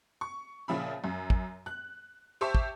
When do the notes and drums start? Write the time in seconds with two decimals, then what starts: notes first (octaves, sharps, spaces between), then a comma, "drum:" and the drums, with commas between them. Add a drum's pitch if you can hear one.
0.21 C#6
0.68 A#2 C#3 F3 E5 B5
1.04 F#2
1.30 drum: kick
1.66 F#6
2.41 G4 C5 E5 A5 C#6
2.55 drum: kick